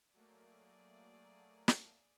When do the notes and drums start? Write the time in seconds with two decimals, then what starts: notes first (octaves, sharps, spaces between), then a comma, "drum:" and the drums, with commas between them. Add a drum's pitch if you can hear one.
0.14 F#3 A3 A#3 G#4 D5
1.68 drum: snare